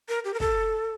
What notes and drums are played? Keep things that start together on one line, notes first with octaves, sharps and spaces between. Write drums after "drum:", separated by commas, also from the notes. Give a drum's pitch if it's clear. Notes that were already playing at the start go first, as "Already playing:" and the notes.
A#4
G4
A#4
A4, drum: kick